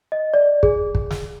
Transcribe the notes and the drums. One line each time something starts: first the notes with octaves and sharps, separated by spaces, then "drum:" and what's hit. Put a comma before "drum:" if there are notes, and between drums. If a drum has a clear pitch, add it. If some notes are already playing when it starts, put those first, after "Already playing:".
D#5
D5
G#4, drum: kick
drum: kick
drum: snare